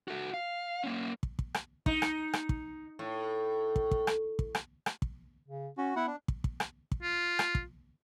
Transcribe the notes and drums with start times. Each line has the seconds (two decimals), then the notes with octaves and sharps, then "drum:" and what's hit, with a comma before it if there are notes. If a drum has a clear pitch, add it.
0.08 F#4 A4
0.34 F5
0.84 A#3 C#4
1.23 drum: kick
1.39 drum: kick
1.54 drum: rim click
1.86 D#4, drum: kick
2.02 drum: rim click
2.33 drum: rim click
2.49 drum: kick
2.99 A2
3.76 drum: kick
3.91 drum: kick
4.07 drum: rim click
4.39 drum: kick
4.55 drum: rim click
4.86 drum: rim click
5.02 drum: kick
5.48 C#3
5.78 C#4 F#4
5.96 B3 E4 F#5
6.07 D4
6.28 drum: kick
6.44 drum: kick
6.60 drum: rim click
6.92 drum: kick
7.03 F4
7.39 drum: rim click
7.55 drum: kick